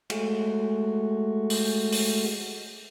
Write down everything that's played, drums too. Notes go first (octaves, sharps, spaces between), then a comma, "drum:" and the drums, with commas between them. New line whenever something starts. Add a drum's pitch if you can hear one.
G#3 A3 F#4, drum: cymbal
drum: open hi-hat
drum: open hi-hat